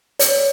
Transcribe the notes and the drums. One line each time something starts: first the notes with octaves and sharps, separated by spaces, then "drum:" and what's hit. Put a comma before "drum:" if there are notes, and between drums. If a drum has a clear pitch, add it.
C#5, drum: hi-hat